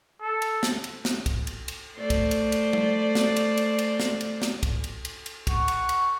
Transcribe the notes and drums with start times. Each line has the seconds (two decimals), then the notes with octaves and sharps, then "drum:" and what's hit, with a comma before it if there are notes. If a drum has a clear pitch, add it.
0.21 A4
0.42 drum: cymbal
0.63 drum: snare
0.84 drum: cymbal
1.05 drum: snare
1.26 drum: kick, cymbal
1.47 drum: cymbal
1.68 drum: cymbal
1.97 A3 C5 D5
2.10 drum: kick, cymbal
2.31 drum: cymbal
2.52 drum: cymbal
2.73 drum: tom
3.15 drum: snare
3.36 drum: cymbal
3.57 drum: cymbal
3.79 drum: cymbal
4.00 drum: snare
4.21 drum: cymbal
4.42 drum: snare
4.63 drum: kick, cymbal
4.84 drum: cymbal
5.05 drum: cymbal
5.26 drum: cymbal
5.47 F#5 C#6, drum: kick, cymbal
5.68 drum: cymbal
5.89 drum: cymbal